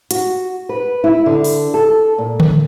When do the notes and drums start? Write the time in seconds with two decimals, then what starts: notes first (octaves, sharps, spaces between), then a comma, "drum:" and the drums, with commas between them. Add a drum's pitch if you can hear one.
0.11 F#4, drum: hi-hat
0.69 B4
1.04 E4
1.26 D3
1.44 drum: open hi-hat
1.74 A4
2.18 A#2
2.40 drum: tom D3